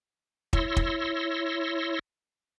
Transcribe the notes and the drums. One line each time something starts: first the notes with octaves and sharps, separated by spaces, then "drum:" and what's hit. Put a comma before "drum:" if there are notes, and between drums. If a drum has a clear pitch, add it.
E4 C#5 C6 E6 A#6, drum: kick
drum: kick